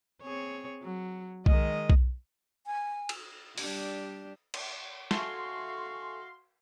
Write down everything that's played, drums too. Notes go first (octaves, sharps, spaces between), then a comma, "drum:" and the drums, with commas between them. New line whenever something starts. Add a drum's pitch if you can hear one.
C4 G#4 C#5
F#3
D#3 G#3 D#5, drum: kick B1
drum: kick B1
G#5
drum: cymbal
G3 D4 G4, drum: open hi-hat
drum: cymbal
F#4 A4 E5 F5 G#5 C6 C#6, drum: snare